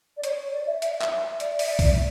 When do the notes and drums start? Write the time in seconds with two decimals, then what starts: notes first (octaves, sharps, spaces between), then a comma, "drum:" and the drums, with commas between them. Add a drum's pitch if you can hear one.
0.17 D5
0.24 C#5, drum: hi-hat
0.38 C#5
0.54 D5
0.67 E5
0.82 E5, drum: hi-hat
1.01 drum: clap
1.11 E5
1.40 D5, drum: hi-hat
1.59 E5, drum: open hi-hat
1.69 D5
1.79 drum: kick, open hi-hat